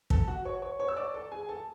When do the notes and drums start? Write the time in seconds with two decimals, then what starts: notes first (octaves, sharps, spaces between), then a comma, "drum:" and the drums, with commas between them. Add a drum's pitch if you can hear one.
0.10 A4 A5, drum: kick
0.28 F#4 F#5
0.45 C#5 C#6
0.62 C#5 C#6
0.80 C#5 C#6
0.88 E6
0.96 D5 D6
1.14 A4 A5
1.32 G#4 G#5
1.49 A4 A5